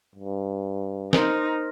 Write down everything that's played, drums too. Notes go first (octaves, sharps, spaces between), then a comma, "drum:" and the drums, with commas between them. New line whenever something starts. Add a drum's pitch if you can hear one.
G2
D#4 A#4 C5, drum: snare